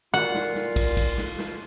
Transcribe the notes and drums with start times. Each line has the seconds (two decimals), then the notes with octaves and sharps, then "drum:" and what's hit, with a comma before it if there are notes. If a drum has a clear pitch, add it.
0.14 A#2 F4 F#4 F#5
0.34 drum: snare
0.55 drum: snare
0.76 drum: kick, cymbal
0.97 drum: kick, cymbal
1.18 drum: snare
1.39 drum: snare